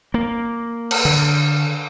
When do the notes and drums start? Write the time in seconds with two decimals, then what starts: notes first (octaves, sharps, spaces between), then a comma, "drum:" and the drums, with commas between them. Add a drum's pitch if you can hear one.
0.14 A#3
0.91 drum: cymbal
1.05 D3